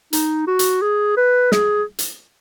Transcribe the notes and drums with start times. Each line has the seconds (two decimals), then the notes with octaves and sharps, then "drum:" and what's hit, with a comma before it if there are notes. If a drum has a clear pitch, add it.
0.13 D#4, drum: hi-hat
0.47 F#4
0.59 drum: hi-hat
0.82 G#4
1.17 B4
1.52 G#4, drum: snare
1.99 drum: hi-hat